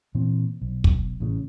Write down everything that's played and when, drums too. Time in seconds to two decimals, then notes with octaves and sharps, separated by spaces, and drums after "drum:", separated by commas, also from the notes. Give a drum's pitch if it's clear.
0.15 A#2 E3 C4
0.61 B1
0.84 drum: kick
1.20 A1 A2 C#3